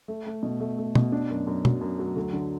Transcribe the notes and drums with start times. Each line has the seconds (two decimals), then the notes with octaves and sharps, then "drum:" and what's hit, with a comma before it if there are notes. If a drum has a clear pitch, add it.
0.08 A3
0.26 A3
0.43 B2
0.60 A3
0.78 A3
0.95 B2, drum: tom
1.12 D4
1.30 F#2
1.47 F#2
1.65 F#3, drum: tom
1.81 F#2
1.99 F#3
2.16 D2
2.33 D3